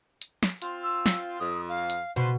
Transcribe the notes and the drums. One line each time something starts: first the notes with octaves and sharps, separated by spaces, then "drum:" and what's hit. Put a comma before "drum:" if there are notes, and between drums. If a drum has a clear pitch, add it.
drum: hi-hat
drum: snare
C4 F4, drum: hi-hat
E6
drum: snare
F2 D#6
F5
drum: hi-hat
B2 F4 B4 C5